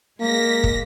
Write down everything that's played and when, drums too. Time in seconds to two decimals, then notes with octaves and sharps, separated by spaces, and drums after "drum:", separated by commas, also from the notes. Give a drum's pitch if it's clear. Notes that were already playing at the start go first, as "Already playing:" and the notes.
0.20 G#3 A#3 A#6 B6
0.64 drum: kick